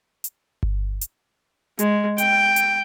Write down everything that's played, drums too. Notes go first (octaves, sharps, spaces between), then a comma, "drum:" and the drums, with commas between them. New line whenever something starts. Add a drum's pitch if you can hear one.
drum: hi-hat
drum: kick G1
drum: hi-hat
G#3, drum: hi-hat
G5, drum: hi-hat
drum: hi-hat